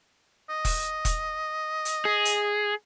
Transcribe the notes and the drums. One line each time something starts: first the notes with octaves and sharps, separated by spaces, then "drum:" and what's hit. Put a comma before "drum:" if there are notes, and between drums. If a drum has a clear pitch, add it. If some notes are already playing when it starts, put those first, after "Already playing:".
D#5
drum: kick E1, open hi-hat
drum: kick E1, hi-hat
drum: hi-hat
G#4
drum: hi-hat